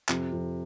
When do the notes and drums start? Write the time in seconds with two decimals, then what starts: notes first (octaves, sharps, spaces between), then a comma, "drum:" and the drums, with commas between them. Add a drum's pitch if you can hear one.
0.09 F2 C3, drum: clap
0.32 F2